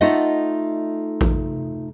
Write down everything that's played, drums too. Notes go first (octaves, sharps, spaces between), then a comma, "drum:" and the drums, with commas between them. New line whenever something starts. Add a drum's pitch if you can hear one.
A3 D#4 F4 A4 D#5 F#5
drum: kick A1